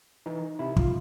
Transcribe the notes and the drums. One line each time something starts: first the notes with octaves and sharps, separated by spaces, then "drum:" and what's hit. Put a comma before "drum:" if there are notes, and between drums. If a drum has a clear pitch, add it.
E3 D#4
C3 E4
F4, drum: kick